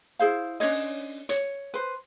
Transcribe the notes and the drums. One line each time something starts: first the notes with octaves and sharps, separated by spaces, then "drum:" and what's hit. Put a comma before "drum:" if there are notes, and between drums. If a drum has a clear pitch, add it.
E4 G#4 C5 F5
C#4 D4 C#5 D#5, drum: open hi-hat
C#5, drum: hi-hat
B4 C5